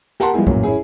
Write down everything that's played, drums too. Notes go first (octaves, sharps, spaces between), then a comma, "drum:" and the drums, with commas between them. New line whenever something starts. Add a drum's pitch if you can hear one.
G4 A#4 F#5 A5 C6, drum: snare
F3 G3 G#3 B3 E4 G#4
A1 F#2 A#2 F#3, drum: kick
C#4 E4 G#4